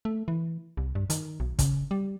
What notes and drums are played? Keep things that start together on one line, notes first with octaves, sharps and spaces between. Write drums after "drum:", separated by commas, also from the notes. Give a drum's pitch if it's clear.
A3
E3
C2
G2
D#3, drum: hi-hat
B1
C#3, drum: kick, hi-hat
G3